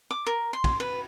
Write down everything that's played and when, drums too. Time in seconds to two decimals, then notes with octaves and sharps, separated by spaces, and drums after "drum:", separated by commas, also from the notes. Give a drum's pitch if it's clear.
0.11 D6
0.26 A#4
0.53 C6
0.64 drum: kick, cymbal
0.80 B4